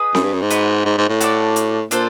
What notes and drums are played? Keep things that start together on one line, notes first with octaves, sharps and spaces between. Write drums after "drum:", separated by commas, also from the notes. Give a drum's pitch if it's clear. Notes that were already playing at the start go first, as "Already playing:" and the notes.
Already playing: G#4 B4 D#5
F#2, drum: snare C4
G2
F#2
G#2
F#4 B4 D#5, drum: hi-hat
G#2
G#2
A2
F#4 A4 D5, drum: hi-hat
drum: hi-hat
A#2 D4 F4 A4 C5, drum: hi-hat